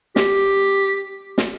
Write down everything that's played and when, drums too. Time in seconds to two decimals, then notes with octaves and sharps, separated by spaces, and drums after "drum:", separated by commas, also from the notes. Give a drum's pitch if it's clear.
0.16 G4, drum: snare
1.38 drum: snare